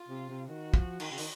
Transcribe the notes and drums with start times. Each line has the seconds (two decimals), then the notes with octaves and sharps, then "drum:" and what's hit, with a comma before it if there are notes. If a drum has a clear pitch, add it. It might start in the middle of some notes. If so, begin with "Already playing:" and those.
Already playing: F4
0.09 C3
0.29 C3
0.48 D#3 F#4
0.74 F3, drum: kick
1.00 D#3, drum: cymbal
1.11 C#3
1.18 D#3, drum: open hi-hat